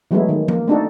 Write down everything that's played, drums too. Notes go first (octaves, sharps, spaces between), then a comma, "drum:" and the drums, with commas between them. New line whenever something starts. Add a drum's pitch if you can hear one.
E3 F#3 G#3 A3 B3 E4
D#3
A#3, drum: tom F3
A3 C4 D4 D#4 F#4 A4